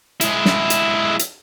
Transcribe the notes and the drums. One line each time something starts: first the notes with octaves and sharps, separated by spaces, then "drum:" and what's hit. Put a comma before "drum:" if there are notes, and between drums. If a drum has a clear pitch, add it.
G#3 E4, drum: hi-hat
drum: snare
drum: hi-hat
drum: hi-hat